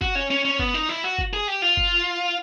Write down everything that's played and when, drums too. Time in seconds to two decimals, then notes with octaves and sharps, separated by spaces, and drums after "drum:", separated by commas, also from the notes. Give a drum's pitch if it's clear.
0.01 F#4, drum: kick
0.15 C#4
0.31 C#4
0.45 C#4
0.59 B3, drum: kick
0.74 D#4
0.89 E4
1.04 F#4
1.18 drum: kick
1.33 G#4
1.48 G4
1.62 F4
1.77 drum: kick